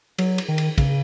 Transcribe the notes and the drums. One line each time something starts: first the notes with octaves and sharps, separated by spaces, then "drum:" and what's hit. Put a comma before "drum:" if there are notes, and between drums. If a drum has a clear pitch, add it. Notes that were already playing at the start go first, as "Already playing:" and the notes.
F#3, drum: cymbal
drum: cymbal
D#3
drum: cymbal
C#3, drum: kick, cymbal